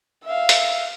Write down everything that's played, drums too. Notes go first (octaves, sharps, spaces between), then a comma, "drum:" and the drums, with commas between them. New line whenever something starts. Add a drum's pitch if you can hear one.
E5 F5
drum: hi-hat